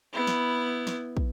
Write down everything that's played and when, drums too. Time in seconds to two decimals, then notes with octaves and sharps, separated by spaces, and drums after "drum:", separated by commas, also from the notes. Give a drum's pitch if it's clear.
0.13 B3 E4
0.27 drum: snare
0.87 drum: snare
1.17 drum: kick